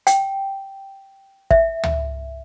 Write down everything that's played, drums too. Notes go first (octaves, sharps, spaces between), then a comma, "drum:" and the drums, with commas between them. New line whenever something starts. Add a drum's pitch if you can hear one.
G5, drum: hi-hat
E5, drum: kick
drum: tom C#2